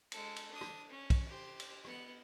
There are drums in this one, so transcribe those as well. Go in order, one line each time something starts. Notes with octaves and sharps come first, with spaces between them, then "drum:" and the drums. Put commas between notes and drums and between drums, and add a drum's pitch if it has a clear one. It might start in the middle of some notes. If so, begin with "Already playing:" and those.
G#3 A4, drum: cymbal
drum: cymbal
D4 D#6
drum: rim click
C#4
drum: kick, cymbal
G4 C5
drum: cymbal
B3 F#5, drum: rim click